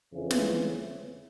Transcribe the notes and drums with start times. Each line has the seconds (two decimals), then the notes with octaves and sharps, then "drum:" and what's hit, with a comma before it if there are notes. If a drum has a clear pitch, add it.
0.13 F2 C#3 E3
0.31 drum: snare